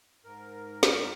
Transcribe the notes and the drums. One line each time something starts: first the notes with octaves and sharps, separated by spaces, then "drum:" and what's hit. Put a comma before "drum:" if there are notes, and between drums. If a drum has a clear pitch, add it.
G#2 A#4
drum: snare